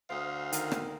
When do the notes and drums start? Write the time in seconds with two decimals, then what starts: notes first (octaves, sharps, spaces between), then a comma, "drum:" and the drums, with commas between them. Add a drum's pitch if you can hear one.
0.10 D2 C5 F5
0.52 D#3, drum: hi-hat
0.71 drum: rim click